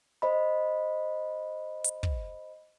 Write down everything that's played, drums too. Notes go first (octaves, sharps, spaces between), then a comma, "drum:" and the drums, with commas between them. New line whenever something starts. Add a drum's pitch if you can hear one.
C5 D#5 B5
drum: hi-hat
drum: kick